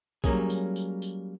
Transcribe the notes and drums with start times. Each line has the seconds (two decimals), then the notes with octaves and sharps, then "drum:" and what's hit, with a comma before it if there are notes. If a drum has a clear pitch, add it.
0.24 F#3 G3 A#3 C#4 G#4, drum: kick A#1, tambourine
0.50 drum: tambourine
0.76 drum: tambourine
1.02 drum: tambourine